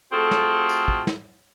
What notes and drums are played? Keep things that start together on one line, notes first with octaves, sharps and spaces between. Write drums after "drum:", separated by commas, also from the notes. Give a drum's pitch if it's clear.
A3 C4 F4 F#4 G#4 A4
drum: snare
drum: tambourine
drum: kick
drum: snare